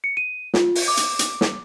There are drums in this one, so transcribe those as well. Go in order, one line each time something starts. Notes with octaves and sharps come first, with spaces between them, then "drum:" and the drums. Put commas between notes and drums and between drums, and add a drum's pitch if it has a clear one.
C#7
D#7
F4, drum: snare
drum: open hi-hat
D6
drum: hi-hat
drum: hi-hat
drum: snare